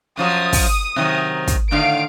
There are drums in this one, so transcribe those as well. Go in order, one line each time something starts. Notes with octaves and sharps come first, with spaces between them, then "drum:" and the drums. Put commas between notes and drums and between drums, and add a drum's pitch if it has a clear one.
F#2 F3 F#3 D#6
drum: kick, open hi-hat
C3 D#3 F#3
drum: kick, hi-hat
A2 D3 D#3 F5 D7